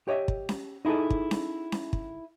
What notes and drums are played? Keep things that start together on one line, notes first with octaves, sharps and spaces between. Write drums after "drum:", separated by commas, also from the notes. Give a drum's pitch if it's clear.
G4 C#5 D#5 E5
drum: kick
drum: snare C#4
D#4 E4 G#4 A4 D#5
drum: kick
drum: snare C#4
drum: snare C#4
drum: kick